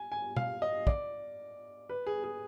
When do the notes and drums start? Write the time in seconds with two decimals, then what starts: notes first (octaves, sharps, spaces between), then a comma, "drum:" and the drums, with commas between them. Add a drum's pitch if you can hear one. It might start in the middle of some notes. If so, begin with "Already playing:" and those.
Already playing: G#5
0.12 G#5
0.37 F5, drum: tom B2
0.62 D#5
0.87 D5, drum: kick
1.89 B4
2.07 G#4
2.24 G#4